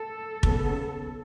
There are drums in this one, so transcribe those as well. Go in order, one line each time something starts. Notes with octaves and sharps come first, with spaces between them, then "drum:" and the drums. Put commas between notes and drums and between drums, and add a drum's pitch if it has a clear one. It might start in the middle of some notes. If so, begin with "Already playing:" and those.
Already playing: A4
D#2 C#3 F#3 B3, drum: kick